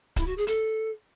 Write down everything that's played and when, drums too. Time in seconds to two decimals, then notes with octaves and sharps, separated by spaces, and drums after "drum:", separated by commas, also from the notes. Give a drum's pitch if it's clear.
0.16 E4, drum: kick C#1, hi-hat
0.26 F#4
0.37 G#4
0.47 A4, drum: hi-hat